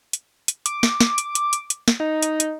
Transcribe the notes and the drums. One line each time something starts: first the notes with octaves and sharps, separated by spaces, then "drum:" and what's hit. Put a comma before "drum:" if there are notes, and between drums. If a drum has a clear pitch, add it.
drum: hi-hat
drum: hi-hat
D6, drum: hi-hat
drum: snare
drum: snare
drum: hi-hat
drum: hi-hat
drum: hi-hat
drum: hi-hat
drum: snare
D#4
drum: hi-hat
drum: hi-hat